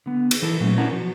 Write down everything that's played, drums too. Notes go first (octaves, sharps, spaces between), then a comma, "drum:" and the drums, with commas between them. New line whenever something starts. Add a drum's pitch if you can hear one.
D3 B3
drum: cymbal
E3 E4 A4 A#4
A#2 F#3 A3 C#4
C#4 D4 E4 A#4 C5 F#5
B2 F3 F#3 F#4